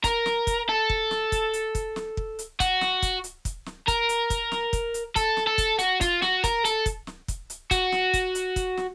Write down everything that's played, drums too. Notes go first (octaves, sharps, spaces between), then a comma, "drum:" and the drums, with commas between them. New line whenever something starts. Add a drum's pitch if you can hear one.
A#4, drum: kick, hi-hat
drum: snare
drum: kick, hi-hat
A4
drum: kick
drum: snare
drum: kick, hi-hat
drum: hi-hat
drum: kick, hi-hat
drum: snare
drum: kick
drum: hi-hat
F#4, drum: kick, hi-hat
drum: snare
drum: kick, hi-hat
drum: hi-hat
drum: kick, hi-hat
drum: snare
A#4, drum: kick, hi-hat
drum: hi-hat
drum: kick, hi-hat
drum: snare
drum: kick, hi-hat
drum: hi-hat
A4, drum: kick, hi-hat
drum: snare
A4
drum: kick, hi-hat
F#4, drum: hi-hat
F4, drum: kick, hi-hat
F#4, drum: snare
A#4, drum: kick, hi-hat
A4, drum: hi-hat
drum: kick, hi-hat
drum: snare
drum: kick, hi-hat
drum: hi-hat
F#4, drum: kick, hi-hat
drum: snare
drum: kick, hi-hat
drum: hi-hat
drum: kick, hi-hat
drum: snare